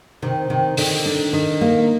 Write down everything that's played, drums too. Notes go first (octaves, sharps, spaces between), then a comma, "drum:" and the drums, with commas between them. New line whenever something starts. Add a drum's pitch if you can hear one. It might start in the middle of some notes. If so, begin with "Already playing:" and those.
C3 D#3
C3 D#3
D3 D#3, drum: open hi-hat
D4
D#3
A#3